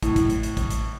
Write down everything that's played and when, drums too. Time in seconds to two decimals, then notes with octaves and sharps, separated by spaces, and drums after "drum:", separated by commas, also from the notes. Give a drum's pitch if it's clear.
0.03 A2, drum: kick, hi-hat
0.16 drum: kick, hi-hat
0.30 drum: hi-hat
0.43 drum: hi-hat
0.57 drum: kick, hi-hat
0.71 drum: hi-hat